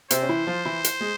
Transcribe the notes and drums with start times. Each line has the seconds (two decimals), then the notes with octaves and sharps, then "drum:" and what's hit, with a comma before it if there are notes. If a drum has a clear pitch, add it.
0.10 C3 C4 C5, drum: hi-hat
0.22 C#4
0.29 E3 E4
0.47 F3 F4
0.65 E3 E4
0.84 drum: hi-hat
1.01 G#3